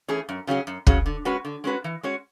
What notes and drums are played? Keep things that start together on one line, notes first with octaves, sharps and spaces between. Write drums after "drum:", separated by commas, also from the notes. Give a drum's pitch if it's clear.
E3 A3 C#4 G#4
F#2
C#3 F#3 C#4 G#4
F#2
C#3 F#3 C#4 G#4, drum: kick
D3
G#3 C#4 F#4 B4
D3
G#3 C#4 F#4 B4
E3
G#3 C#4 F#4 C#5